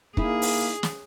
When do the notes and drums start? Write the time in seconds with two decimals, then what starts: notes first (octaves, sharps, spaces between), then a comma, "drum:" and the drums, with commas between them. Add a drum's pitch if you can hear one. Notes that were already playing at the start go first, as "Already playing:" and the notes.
0.17 A#3 D#4 E4 G#4, drum: kick
0.42 drum: open hi-hat
0.83 drum: snare